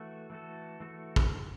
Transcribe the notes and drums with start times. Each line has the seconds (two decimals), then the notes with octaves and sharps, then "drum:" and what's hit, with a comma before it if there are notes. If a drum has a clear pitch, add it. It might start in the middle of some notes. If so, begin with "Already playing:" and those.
Already playing: E3 A3 F#4 A4
0.30 E3 A3 F#4 A4
0.80 E3 A3 F#4 A4
1.16 drum: kick